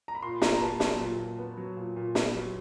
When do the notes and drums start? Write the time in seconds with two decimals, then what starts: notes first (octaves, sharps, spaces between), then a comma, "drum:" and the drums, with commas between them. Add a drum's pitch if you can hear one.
0.08 A#5
0.15 B5
0.22 A#2 C6
0.42 A#2 A#5, drum: snare
0.54 A#5
0.61 B3 A5
0.80 F#3 A5, drum: snare
1.00 A#2
1.19 A#2
1.39 B3
1.57 F#3
1.76 A#2
1.96 A#2
2.15 B3, drum: snare
2.34 F#3